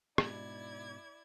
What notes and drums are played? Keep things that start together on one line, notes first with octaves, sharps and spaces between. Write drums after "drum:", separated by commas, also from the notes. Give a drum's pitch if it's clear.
G#2 B2 D4 E4 D5 G#6, drum: rim click